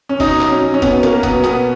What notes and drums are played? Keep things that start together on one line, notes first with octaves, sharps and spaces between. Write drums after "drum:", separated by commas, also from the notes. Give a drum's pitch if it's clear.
C#4
B2 D#4, drum: kick, open hi-hat
F#3, drum: clap
C#4
F#3
C#4
B2 B3, drum: kick, hi-hat
B2 A#3, drum: hi-hat
F#3 B3, drum: kick, hi-hat
B2 B3, drum: hi-hat